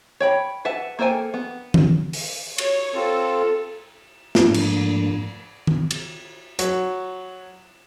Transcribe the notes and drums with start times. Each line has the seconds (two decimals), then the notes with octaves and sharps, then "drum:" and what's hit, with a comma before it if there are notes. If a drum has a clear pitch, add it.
0.20 C#5 G5 B5
0.65 B4 E5 F#5 A5
0.99 A#3 A4 C5 G5 G#5
1.34 B3
1.74 drum: tom D#3
2.13 drum: open hi-hat
2.58 C#5, drum: cymbal
2.95 C4 F4 A4
4.35 G#2 F3 A3 A#3 D4, drum: snare
4.54 drum: cymbal
5.67 drum: tom D#3
5.91 drum: cymbal
6.59 F#3, drum: hi-hat